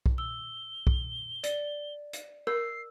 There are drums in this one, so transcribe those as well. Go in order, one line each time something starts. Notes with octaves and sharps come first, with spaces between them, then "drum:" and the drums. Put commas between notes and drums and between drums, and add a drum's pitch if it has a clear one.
drum: kick B1
E6 G7
drum: kick B1
D5, drum: hi-hat
drum: hi-hat
A#4 E6 C7